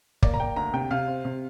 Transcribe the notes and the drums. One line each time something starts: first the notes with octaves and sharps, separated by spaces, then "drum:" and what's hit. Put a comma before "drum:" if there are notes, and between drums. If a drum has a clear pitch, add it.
A#3 D5, drum: kick
A#5
A#3 G5
D2 A#5
C3 G5
C3 F5
C4
C3